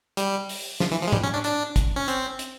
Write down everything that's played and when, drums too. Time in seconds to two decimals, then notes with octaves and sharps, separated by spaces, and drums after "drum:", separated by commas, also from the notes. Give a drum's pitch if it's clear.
0.17 G3, drum: hi-hat
0.49 drum: open hi-hat
0.80 F3, drum: snare
0.91 E3
1.02 F3
1.07 G#3
1.12 G3, drum: tom G#2
1.23 C#4
1.34 D4
1.44 D4, drum: hi-hat
1.76 drum: kick, hi-hat
1.96 C#4
2.08 C4, drum: hi-hat
2.39 drum: hi-hat